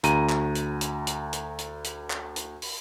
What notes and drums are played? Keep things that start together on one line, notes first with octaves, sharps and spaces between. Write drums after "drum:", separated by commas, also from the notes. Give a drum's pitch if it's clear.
D2 A#5 D#7, drum: hi-hat
drum: clap
drum: hi-hat
drum: hi-hat
drum: hi-hat
drum: hi-hat
drum: hi-hat
drum: hi-hat
drum: clap
drum: hi-hat
drum: open hi-hat